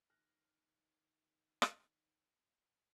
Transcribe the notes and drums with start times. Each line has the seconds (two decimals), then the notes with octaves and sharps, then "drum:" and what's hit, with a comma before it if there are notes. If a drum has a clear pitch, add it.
0.10 D#3 F6 F#6 A#6
1.62 drum: rim click